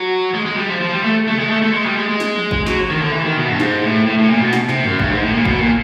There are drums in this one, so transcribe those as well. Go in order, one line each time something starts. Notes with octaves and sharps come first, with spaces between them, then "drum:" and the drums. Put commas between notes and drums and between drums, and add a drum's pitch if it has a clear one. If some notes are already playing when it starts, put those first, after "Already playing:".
Already playing: F#3
G#3
G#3
G3
F3
F3
G3
A3
A3, drum: tom C3
G#3
A3
A3
G#3
G3
G#3
G#3
drum: snare
drum: tom D#3
drum: kick
F#3, drum: snare
D#3
D3
E3
D#3
B2
G2
G#2, drum: snare
A2
A2
A2
A#2
B2
drum: snare
C3, drum: snare
F#2, drum: tom F2
G2, drum: kick
G#2
A2
A#2
B2, drum: kick
A#2